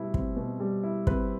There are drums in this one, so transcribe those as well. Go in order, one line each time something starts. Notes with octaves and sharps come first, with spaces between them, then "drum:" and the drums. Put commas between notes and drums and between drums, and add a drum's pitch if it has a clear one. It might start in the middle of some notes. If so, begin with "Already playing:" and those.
Already playing: B2 G3 E4
C4, drum: kick
B2
G3
E4
C4 B4, drum: kick